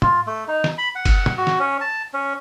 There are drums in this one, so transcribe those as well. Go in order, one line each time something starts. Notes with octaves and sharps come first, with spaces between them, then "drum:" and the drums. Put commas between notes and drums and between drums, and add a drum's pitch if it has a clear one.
F4, drum: tom A2
A3
D#4
drum: snare
B5
F#5
drum: kick, cymbal
drum: tom A2
F#4
drum: snare
C#4
A5
C#4